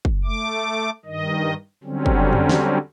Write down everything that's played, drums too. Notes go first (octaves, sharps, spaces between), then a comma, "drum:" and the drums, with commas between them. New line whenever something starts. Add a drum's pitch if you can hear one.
drum: kick
A3 D6
G2 D#3 D#5
D3 F#3 G3 C4 C#4
drum: kick
drum: tom
drum: snare